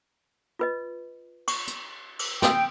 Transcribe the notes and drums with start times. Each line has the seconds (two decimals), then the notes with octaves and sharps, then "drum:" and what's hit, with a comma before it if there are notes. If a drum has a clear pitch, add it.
0.59 F4 B4 D#5
1.48 C#6, drum: cymbal
1.67 drum: hi-hat
2.19 drum: cymbal
2.42 G5 C6 D#6 E6, drum: snare